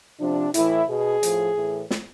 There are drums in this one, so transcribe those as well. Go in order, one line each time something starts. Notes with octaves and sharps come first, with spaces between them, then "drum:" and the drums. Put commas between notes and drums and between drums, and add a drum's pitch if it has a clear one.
C3 F3 D4
A2 E3 E4, drum: hi-hat
B2 G#4
A2 F3, drum: hi-hat
A2 E3
drum: snare